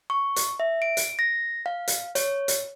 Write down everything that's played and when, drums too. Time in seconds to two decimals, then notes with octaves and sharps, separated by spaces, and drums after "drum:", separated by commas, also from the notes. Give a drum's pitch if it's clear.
0.10 C#6
0.36 drum: hi-hat
0.60 E5
0.82 D7
0.97 drum: hi-hat
1.19 A#6
1.66 F5
1.88 drum: hi-hat
2.15 C#5, drum: hi-hat
2.48 drum: hi-hat